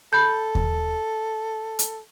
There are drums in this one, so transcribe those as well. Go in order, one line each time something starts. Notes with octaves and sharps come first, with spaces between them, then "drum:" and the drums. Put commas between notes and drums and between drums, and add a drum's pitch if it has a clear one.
A4 B5 G6
drum: kick D#2
drum: hi-hat